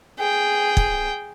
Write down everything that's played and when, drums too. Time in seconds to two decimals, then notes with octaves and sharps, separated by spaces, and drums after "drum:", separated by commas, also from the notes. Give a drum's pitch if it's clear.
0.19 G#4 G5
0.77 drum: kick